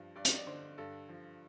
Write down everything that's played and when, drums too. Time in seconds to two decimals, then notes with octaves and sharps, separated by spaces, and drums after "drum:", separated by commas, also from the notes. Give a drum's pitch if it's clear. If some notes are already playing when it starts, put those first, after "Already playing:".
Already playing: G2 F3
0.16 G2 D5
0.25 D#5, drum: hi-hat
0.34 D5
0.47 D3 C5
0.78 G2 A4
1.09 F3